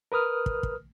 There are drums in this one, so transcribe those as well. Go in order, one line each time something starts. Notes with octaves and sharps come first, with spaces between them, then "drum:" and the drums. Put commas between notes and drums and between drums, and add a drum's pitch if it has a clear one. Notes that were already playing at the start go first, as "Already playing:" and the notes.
A#4 B4 D#6 F6
drum: kick
drum: kick